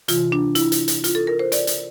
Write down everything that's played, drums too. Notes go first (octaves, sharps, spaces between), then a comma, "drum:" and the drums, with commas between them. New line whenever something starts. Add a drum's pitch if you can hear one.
C3 E3 F4, drum: hi-hat
D4
E4, drum: hi-hat
drum: hi-hat
drum: hi-hat
F4, drum: hi-hat
A4
A#4
C5
D5, drum: hi-hat
drum: hi-hat